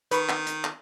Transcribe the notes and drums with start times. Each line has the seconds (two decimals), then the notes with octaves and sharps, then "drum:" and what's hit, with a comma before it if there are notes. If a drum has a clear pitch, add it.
0.11 D#3 B4 B5 C#6, drum: hi-hat
0.29 drum: clap
0.47 drum: hi-hat
0.64 drum: clap